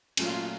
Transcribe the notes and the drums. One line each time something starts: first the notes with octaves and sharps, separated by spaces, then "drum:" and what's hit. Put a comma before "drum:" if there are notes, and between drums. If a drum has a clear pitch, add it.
A#2 F#3 A3 C#4 F4, drum: cymbal